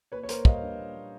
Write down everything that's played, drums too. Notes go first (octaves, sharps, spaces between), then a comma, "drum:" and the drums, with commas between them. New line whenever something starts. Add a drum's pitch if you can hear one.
A#2 B4 C#5
C#5
A#3 A#4 C5, drum: hi-hat
G3 D#5 F5, drum: kick
D4
A#2
A#3